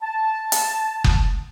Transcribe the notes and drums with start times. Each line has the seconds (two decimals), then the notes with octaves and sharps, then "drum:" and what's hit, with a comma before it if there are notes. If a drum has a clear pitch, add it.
0.02 A5
0.52 drum: hi-hat
1.04 drum: kick F#1